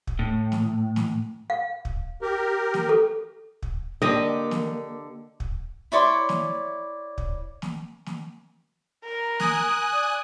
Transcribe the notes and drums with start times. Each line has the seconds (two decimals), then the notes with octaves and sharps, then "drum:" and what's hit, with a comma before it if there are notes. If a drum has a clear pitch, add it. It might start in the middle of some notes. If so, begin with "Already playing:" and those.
0.07 drum: kick
0.19 A2
0.52 drum: snare
0.96 drum: snare
1.50 F5
1.85 drum: kick
2.22 G4 A#4
2.74 drum: snare
2.89 A4
3.63 drum: kick
4.02 D3 A#3 G4 D#5
4.51 drum: snare
5.40 drum: kick
5.92 E4 C#5 D5 C6
6.29 drum: snare
7.18 drum: kick
7.62 drum: snare
8.06 drum: snare
9.04 A#4
9.40 G#5 D#6 F#6, drum: snare
9.92 D5